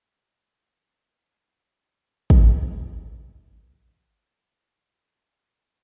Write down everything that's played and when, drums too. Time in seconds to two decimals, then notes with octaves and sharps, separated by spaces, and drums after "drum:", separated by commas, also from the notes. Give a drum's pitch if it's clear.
0.20 D#5
0.65 E4 G4 F5 C6
1.27 A2 F#3 G#4 C5
1.74 G3 A3 C4
2.30 drum: kick
2.65 F#3 A3
3.22 C#2 C3 D#3 F#3 G#3 A#3
4.00 D3 D#3 G3
4.88 A2 C#3 E3 F3 G3
5.37 E2 A#2 D3 F3